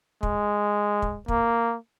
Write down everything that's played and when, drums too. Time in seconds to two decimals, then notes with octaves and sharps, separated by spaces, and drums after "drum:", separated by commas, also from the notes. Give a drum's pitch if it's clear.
0.23 G#3, drum: kick
1.02 drum: kick
1.28 A#3, drum: kick